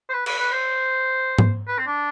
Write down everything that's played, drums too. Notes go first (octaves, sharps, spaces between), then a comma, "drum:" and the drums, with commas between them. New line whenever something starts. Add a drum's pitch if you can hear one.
C5
B4
B4, drum: cymbal
B4
C5
drum: tom G#2
B4
C4
D4